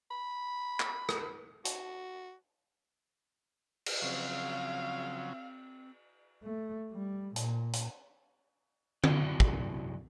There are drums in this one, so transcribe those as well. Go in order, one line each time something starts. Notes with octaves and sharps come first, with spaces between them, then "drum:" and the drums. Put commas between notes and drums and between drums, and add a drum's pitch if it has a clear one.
B5
drum: clap
drum: rim click
F#4, drum: hi-hat
drum: cymbal
C#3 F3 F#3 C4 F5
A3
G3
A#2, drum: hi-hat
drum: hi-hat
F#2 C3 E4 F#4 D5 G5, drum: tom D3
drum: kick